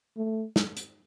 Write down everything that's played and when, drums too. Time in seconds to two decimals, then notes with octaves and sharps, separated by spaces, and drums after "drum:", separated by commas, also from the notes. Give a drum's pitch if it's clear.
0.17 A3
0.56 drum: snare
0.77 drum: hi-hat